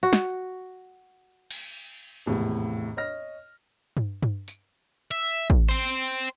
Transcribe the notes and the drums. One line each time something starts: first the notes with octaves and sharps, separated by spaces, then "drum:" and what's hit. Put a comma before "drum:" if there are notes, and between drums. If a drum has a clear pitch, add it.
F#4
drum: snare
drum: cymbal
G#1 E2 A2 C3
C#5 D#5 F6 A#6
drum: tom G2
drum: tom G2
drum: tambourine
E5
drum: kick
C5 G5